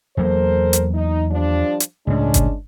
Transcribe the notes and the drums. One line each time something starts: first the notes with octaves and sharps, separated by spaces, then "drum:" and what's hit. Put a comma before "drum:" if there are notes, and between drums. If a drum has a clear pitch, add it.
E2 F#3 A#3 A4 A#4 C5
drum: hi-hat
D#4
F3 G3 D4
drum: hi-hat
C#2 A2 G#3 C#4 D4
drum: kick G1, hi-hat